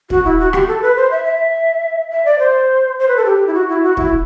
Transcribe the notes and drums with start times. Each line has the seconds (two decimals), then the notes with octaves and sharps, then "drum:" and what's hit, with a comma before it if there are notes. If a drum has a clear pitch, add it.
0.10 F#4, drum: kick
0.25 E4
0.39 F#4
0.53 G4, drum: rim click
0.68 A4
0.82 B4
0.96 C5
1.11 E5
1.25 E5
2.11 E5
2.25 D5
2.39 C5
2.99 C5
3.08 B4
3.17 A4
3.25 G4
3.47 E4
3.54 F#4
3.69 E4
3.83 F#4
3.97 E4, drum: kick